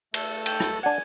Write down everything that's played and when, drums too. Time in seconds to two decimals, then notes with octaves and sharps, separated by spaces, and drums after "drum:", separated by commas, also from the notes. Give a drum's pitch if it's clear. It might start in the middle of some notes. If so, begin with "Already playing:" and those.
0.14 A3 A4, drum: cymbal
0.46 G5, drum: cymbal
0.60 drum: rim click
0.83 D4 F#5 G#5